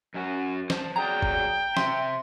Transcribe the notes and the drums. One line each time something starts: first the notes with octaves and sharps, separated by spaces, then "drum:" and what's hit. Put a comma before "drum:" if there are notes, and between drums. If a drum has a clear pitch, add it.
F#2 C#4 F#4
C5 A5, drum: snare
F#3 G#4 D5 G5 A#5
drum: kick G1
C3 E5 C6, drum: snare